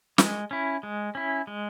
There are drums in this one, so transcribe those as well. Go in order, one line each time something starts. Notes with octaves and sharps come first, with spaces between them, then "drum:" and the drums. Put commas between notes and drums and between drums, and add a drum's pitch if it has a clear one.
G#3, drum: snare
C#4 E4
G#3
C#4 E4
G#3